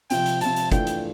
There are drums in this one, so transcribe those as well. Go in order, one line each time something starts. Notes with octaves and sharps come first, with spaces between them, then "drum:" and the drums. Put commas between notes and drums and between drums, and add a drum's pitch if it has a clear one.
C3 F3 C4 G5, drum: hi-hat
drum: hi-hat
C3 F3 C4 A5, drum: hi-hat
drum: hi-hat
E3 A3 D4 F4 G5, drum: kick, hi-hat
drum: hi-hat